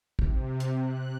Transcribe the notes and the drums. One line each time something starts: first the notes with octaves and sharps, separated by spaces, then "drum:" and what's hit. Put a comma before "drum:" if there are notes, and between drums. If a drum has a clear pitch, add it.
C3, drum: kick
drum: hi-hat
F#6